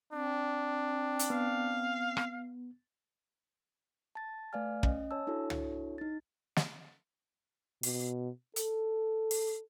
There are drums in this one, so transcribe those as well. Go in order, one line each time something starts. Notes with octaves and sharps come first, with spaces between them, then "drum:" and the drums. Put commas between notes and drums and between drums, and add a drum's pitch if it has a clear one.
C4 D4
drum: hi-hat
B3 F5
drum: rim click
A5 A6
A3 B4 D5 F5 G#5 F6
C#4 D#5, drum: kick
C#5 G#5 A5 E6
D4 E4 F#4 A4 C#5
drum: tom
D#4 A6
drum: snare
B2, drum: open hi-hat
A4, drum: hi-hat
drum: open hi-hat